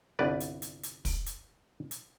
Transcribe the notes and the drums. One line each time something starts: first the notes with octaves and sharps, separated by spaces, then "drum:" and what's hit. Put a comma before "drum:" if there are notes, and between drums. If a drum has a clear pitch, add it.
G1 C2 B4 D5
drum: hi-hat
drum: hi-hat
drum: hi-hat
drum: kick, open hi-hat
drum: hi-hat
drum: hi-hat